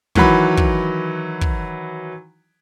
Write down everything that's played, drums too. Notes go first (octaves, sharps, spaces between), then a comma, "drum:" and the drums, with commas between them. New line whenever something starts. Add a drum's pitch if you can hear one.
D#3 E3 F#3 F#5 B5, drum: kick
drum: kick
drum: kick